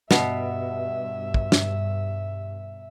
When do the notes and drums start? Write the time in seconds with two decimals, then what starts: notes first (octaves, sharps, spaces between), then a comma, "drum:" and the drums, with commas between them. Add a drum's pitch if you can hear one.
0.11 G2 B2 E5, drum: snare
1.34 drum: kick
1.52 drum: snare